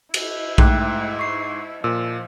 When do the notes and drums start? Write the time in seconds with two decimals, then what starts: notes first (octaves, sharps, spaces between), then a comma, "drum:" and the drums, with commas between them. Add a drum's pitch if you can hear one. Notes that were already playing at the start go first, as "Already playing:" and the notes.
0.14 E4, drum: cymbal
0.58 G#2 A3 G5 F#6, drum: kick A#1
1.19 C#6 C7
1.84 A#2 F3 E6